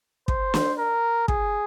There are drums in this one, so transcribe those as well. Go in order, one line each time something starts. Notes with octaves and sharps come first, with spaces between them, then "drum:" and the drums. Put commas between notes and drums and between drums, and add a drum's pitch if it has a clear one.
C5, drum: kick
drum: snare
A#4
G#4, drum: kick